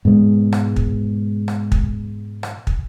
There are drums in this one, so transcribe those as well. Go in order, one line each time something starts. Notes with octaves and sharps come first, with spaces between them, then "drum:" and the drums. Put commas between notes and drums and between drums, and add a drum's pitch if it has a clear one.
G#2 B2 G#3
drum: rim click
drum: kick
drum: rim click
drum: kick
drum: rim click
drum: kick